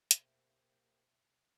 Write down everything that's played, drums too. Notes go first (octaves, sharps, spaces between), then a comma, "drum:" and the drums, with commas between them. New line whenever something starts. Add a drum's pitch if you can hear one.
B2 A#3 G4 C5 E5, drum: hi-hat